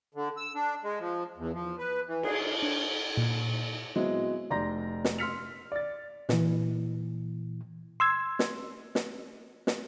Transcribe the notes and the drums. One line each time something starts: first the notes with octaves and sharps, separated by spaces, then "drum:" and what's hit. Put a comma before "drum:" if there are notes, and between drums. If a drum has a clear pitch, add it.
D3
E6
D4
G#3
F3
E2
F3
B4
E3
G#4, drum: cymbal
D4
A#2
F#3 G#3 B3 C4 E4
F1 D5 A#5 C6 G6 A#6
drum: snare
C6 E6 F6 B6 C#7 F7
D5 A6
A#2 E3, drum: snare
C6 E6 G#6
drum: snare
drum: snare
drum: snare